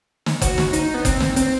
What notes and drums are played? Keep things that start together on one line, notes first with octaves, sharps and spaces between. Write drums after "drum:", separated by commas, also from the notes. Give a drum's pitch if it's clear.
drum: snare
F#4, drum: kick F#1, hi-hat
drum: snare
D#4, drum: hi-hat
B3
C4, drum: kick F#1, hi-hat
drum: snare
C4, drum: hi-hat